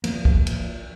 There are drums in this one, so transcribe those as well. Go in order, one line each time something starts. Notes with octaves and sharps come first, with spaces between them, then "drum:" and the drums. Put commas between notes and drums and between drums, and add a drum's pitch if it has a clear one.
F3 A#3, drum: cymbal
drum: kick
drum: cymbal